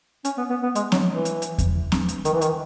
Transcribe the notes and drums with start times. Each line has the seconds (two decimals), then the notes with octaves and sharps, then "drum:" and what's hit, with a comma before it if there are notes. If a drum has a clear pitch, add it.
0.25 C#4, drum: hi-hat
0.37 B3
0.50 B3
0.63 B3
0.75 G#3, drum: hi-hat
0.92 F#3, drum: snare C4
1.09 E3
1.25 drum: hi-hat
1.42 drum: hi-hat
1.58 drum: kick E2, hi-hat
1.92 drum: snare C4
2.08 drum: hi-hat
2.25 D#3, drum: hi-hat
2.33 E3
2.41 D#3, drum: hi-hat